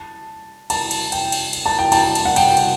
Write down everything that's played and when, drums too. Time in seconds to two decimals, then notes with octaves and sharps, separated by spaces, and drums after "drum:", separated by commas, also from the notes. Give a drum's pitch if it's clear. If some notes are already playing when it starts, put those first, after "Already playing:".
Already playing: A5
0.70 A5, drum: cymbal
0.91 drum: cymbal
1.12 G5, drum: cymbal
1.32 drum: cymbal
1.53 drum: cymbal
1.66 A5
1.79 G5
1.92 A5, drum: cymbal
2.15 drum: cymbal
2.25 F#5
2.36 G5, drum: cymbal
2.57 drum: cymbal